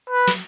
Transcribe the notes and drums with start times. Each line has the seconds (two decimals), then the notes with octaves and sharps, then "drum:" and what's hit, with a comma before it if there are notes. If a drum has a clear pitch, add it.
0.10 B4
0.28 drum: snare